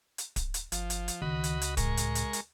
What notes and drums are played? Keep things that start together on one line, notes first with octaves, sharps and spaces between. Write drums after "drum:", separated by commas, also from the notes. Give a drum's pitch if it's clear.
drum: hi-hat
drum: kick D1, hi-hat
drum: hi-hat
G1 F3, drum: hi-hat
drum: hi-hat
drum: hi-hat
C#2 D#3 F#4 D#5 B5
drum: hi-hat
drum: hi-hat
A2 G#3 A#4 C#6, drum: kick D1, hi-hat
drum: hi-hat
drum: hi-hat
drum: hi-hat